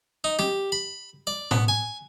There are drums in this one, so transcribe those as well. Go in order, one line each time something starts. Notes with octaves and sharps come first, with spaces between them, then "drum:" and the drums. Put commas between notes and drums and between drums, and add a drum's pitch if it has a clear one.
D#4
G4, drum: snare
B5
D5
B3, drum: tom A2
G#5